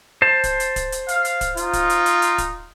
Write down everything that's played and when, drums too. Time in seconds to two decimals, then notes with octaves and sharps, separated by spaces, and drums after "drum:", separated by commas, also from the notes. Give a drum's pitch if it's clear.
0.22 C5 A5
0.44 drum: kick, hi-hat
0.60 drum: hi-hat
0.76 drum: kick, hi-hat
0.92 drum: hi-hat
1.08 F5, drum: hi-hat
1.25 drum: hi-hat
1.41 drum: kick, hi-hat
1.57 D#4 F4, drum: hi-hat
1.73 drum: kick, hi-hat
1.90 drum: hi-hat
2.06 drum: hi-hat
2.22 drum: hi-hat
2.38 drum: kick, hi-hat